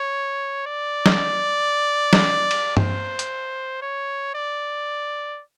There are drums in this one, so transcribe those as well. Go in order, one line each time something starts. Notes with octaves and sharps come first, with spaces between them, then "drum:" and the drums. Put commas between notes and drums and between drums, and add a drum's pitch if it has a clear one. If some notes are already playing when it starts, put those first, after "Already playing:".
Already playing: C#5
D5
drum: snare
drum: snare
drum: cymbal
C5, drum: tom G2
drum: hi-hat
C#5
D5